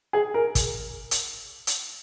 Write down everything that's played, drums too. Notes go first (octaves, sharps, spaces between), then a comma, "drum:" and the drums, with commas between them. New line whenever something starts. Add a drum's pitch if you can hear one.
G#4
A#4
drum: kick, hi-hat
drum: hi-hat
drum: hi-hat